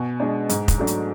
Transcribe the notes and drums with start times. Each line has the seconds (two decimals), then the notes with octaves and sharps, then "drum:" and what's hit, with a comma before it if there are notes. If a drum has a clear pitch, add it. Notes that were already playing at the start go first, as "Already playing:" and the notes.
Already playing: B2 G#5
0.20 G#3 D4
0.49 G#2, drum: hi-hat
0.68 drum: kick F1, hi-hat
0.78 F#3 A3 D4
0.87 drum: hi-hat